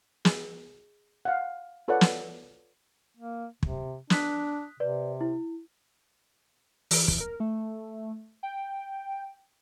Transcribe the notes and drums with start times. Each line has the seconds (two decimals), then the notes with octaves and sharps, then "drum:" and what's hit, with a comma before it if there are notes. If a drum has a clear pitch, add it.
0.25 G#4, drum: snare
1.25 F5 F#5
1.88 F4 A4 B4 C#5 D5 F#5
2.01 drum: snare
3.17 A#3
3.63 C3, drum: kick
4.10 D4 D#6 F#6 B6, drum: snare
4.80 C3 B4 D5
5.21 E4
6.91 E3, drum: open hi-hat
7.08 drum: kick
7.20 A#4
7.40 A3
8.43 G5